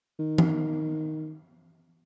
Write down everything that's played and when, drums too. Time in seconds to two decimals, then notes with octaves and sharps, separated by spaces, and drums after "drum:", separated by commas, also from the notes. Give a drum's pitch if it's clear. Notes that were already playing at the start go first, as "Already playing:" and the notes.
0.19 D#3
0.38 drum: tom E3